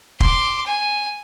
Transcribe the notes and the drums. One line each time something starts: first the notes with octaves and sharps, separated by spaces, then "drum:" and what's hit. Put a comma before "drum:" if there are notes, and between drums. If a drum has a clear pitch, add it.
C6 D6, drum: kick
G#5